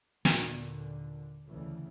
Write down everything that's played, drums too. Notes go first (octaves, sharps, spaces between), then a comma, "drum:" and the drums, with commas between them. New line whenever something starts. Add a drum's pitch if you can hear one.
D#2 A#2 D3, drum: snare
D2 C#3 E3